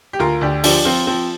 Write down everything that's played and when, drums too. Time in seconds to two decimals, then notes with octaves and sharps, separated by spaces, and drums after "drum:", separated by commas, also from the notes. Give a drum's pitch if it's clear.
0.13 G4
0.19 D2 F4 A#4
0.41 D2 D4 G4
0.63 F3 D4 G4, drum: open hi-hat
0.85 F3 C4 F4
1.07 F3 C4